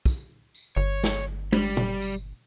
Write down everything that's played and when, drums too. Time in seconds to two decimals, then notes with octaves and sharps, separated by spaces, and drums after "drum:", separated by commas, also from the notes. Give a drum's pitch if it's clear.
0.06 drum: kick, tambourine
0.55 drum: tambourine
0.77 G1 C#5
1.04 drum: snare
1.52 G3, drum: tom
1.77 drum: tom
2.01 drum: tambourine